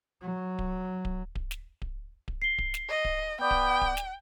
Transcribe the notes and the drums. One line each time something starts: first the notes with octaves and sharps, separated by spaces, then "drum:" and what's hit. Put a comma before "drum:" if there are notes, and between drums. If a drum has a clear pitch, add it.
F#3
drum: kick D1
drum: kick D1
drum: kick D1
drum: snare
drum: kick D1
drum: kick D1
C7 G7
drum: kick D1
drum: snare
D#5
drum: kick D1
B3 D5 G5 D6 G6
drum: kick D1
drum: kick D1
drum: snare